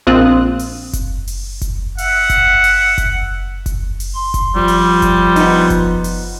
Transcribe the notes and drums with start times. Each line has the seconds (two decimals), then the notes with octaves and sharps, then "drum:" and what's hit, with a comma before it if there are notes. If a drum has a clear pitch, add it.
0.07 A#1 C4 F4 D#6 F#6
0.59 drum: open hi-hat
0.93 drum: kick F#1, hi-hat
1.27 drum: open hi-hat
1.61 drum: kick F#1, hi-hat
1.98 E5 F#5, drum: open hi-hat
2.30 drum: kick F#1, hi-hat
2.64 drum: open hi-hat
2.98 drum: kick F#1, hi-hat
3.66 drum: kick F#1, hi-hat
4.00 drum: open hi-hat
4.15 C6
4.34 drum: kick F#1, hi-hat
4.56 F3 G3
4.68 drum: open hi-hat
5.02 drum: kick F#1, hi-hat
5.36 B3 D#4, drum: open hi-hat
5.70 drum: kick F#1, hi-hat
6.04 drum: open hi-hat